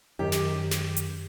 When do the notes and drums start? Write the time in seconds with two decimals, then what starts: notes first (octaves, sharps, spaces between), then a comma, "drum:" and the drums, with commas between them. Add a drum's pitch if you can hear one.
0.19 F#2 D#3 G4
0.32 drum: snare
0.71 drum: snare
0.97 drum: hi-hat